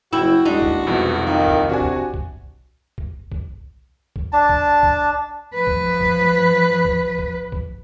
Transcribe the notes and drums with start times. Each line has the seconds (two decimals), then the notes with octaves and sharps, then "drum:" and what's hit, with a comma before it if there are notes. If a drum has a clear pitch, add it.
0.13 F#1 E4 F#4 G5 E6
0.45 D#2 G#3 D4 D#4
0.62 drum: kick B1
0.86 C2 F2 B2 G#3
1.26 D#3 A#3
1.46 drum: kick B1
1.69 C3 D4 F#4 F#5 G#5
1.80 drum: kick B1
2.14 drum: kick B1
2.98 drum: kick B1
3.32 drum: kick B1
4.16 drum: kick B1
4.33 D4 A5
4.49 drum: kick B1
4.83 drum: kick B1
5.55 F3 B4
5.67 drum: kick B1
6.01 drum: kick B1
6.85 drum: kick B1
7.19 drum: kick B1
7.52 drum: kick B1